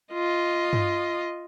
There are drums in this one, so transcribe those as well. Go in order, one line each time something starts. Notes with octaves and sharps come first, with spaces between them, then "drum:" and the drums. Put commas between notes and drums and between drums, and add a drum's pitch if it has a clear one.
F4 D#5
drum: tom G2